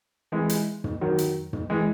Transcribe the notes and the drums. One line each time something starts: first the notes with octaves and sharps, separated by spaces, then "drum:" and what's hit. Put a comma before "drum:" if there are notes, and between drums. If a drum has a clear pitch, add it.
E3 G#3
drum: hi-hat
drum: tom
D#3 F#3
drum: hi-hat
drum: tom
E3 G#3